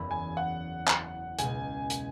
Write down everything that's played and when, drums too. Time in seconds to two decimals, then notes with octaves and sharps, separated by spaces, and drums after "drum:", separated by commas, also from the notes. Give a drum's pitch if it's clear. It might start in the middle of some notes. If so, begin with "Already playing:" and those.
Already playing: F#1 E2 E3 B3 E4
0.11 G#5
0.37 F#5
0.88 drum: clap
1.39 C#2 B2 G#3 G#5, drum: hi-hat
1.90 drum: hi-hat